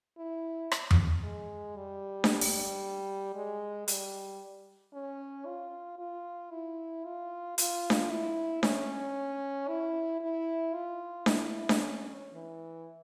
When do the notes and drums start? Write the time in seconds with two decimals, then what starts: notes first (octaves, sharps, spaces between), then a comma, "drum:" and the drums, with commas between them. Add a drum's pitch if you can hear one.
0.18 E4
0.72 drum: rim click
0.91 drum: tom F2
1.23 G#3
1.77 G3
2.24 drum: snare D4
2.41 drum: open hi-hat
3.35 G#3
3.88 G3, drum: hi-hat
4.93 C#4
5.46 F4
5.99 F4
6.51 E4
7.04 F4
7.58 F4, drum: hi-hat
7.90 drum: snare D4
8.10 E4
8.63 C#4, drum: snare D4
9.68 E4
10.21 E4
10.74 F4
11.26 E4, drum: snare D4
11.69 drum: snare D4
11.79 C#4
12.33 E3